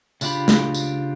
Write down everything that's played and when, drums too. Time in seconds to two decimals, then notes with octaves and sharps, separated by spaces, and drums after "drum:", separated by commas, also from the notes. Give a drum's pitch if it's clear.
0.21 C#3 D4 F4 G4 B5, drum: tambourine
0.48 drum: snare
0.74 drum: tambourine